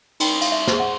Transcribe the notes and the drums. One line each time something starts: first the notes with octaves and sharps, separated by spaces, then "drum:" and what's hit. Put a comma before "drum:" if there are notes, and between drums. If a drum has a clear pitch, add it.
D#4 G5, drum: cymbal
F5, drum: cymbal
E5
G#4 C5, drum: snare
F#5